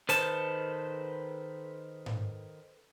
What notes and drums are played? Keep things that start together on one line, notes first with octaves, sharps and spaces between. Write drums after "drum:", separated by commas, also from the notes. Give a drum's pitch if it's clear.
D#3 A4 B4 C5 A5, drum: hi-hat
drum: tom G#2